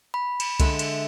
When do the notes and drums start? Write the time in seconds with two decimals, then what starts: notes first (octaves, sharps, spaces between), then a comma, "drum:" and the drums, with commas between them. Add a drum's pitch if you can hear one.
0.14 B5
0.40 drum: cymbal
0.60 D3 G#3 E5, drum: kick C2, cymbal
0.79 drum: cymbal